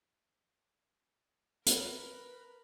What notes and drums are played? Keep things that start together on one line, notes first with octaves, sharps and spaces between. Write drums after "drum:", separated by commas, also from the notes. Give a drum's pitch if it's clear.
A#4 B4 B5, drum: hi-hat